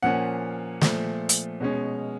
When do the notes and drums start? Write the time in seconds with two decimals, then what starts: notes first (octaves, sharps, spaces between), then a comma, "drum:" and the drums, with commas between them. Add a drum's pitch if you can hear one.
0.03 A#2 F3 A#3 C#4 F#5
0.82 A#2 F3 A3, drum: snare
1.29 drum: hi-hat
1.60 B2 G#3 C#4